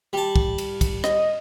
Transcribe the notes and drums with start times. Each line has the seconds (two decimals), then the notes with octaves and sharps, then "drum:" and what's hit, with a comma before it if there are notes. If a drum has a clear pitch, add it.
0.13 G3 A5
0.36 drum: kick
0.58 drum: cymbal
0.81 drum: kick, cymbal
1.04 D#5, drum: rim click